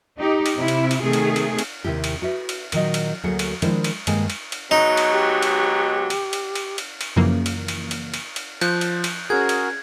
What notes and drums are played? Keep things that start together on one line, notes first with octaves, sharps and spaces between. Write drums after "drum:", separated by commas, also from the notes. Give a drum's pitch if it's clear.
D#4 G4
drum: cymbal
C3 E4
drum: cymbal
drum: cymbal
C3 D#3 A3 G#4
drum: cymbal
drum: cymbal
drum: cymbal
D#2 C3 D#3 E4 G4
drum: cymbal
F#4 B4 E5
drum: cymbal
A#2 D#3 F#3 D#5, drum: cymbal
drum: cymbal
D2 F#3 A#3 G#4 A#4 F#5
drum: cymbal
D#3 F3 G#3 D4 E4 C5, drum: cymbal
drum: cymbal
G2 D#3 G#3 A#3 G#4 G#5, drum: cymbal
drum: cymbal
drum: cymbal
G#2 B2 F#3 D#4
drum: cymbal
G4
drum: cymbal
drum: cymbal
drum: cymbal
drum: cymbal
drum: cymbal
drum: cymbal
F#2 C#3 E3 F3 A#3
drum: cymbal
drum: cymbal
drum: cymbal
drum: cymbal
drum: cymbal
F3 F#6 G6, drum: cymbal
drum: cymbal
drum: cymbal
C#4 F#4 G#4 A#4 G#6
drum: cymbal